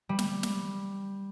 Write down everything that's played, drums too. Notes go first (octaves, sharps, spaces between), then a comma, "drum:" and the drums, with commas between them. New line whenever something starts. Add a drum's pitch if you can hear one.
G3
drum: snare
drum: snare